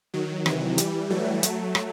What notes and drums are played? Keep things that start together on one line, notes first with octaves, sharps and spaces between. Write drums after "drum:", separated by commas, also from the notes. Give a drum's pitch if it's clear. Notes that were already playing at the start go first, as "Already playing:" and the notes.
D#3 F#3
C3 E3, drum: rim click
E3 G3, drum: hi-hat
F#3 A3
F#3 A3, drum: hi-hat
drum: rim click